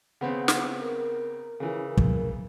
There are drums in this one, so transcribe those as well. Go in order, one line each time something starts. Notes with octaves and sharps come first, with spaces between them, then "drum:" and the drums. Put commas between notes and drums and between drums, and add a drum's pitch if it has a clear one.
C#3 B3 C4 F#5
drum: snare
A#4
C#3 E3
drum: kick